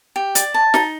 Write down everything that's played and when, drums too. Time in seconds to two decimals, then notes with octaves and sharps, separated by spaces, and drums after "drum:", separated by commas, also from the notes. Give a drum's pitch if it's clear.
0.16 G4
0.35 D5, drum: hi-hat
0.54 A5
0.74 D#4, drum: snare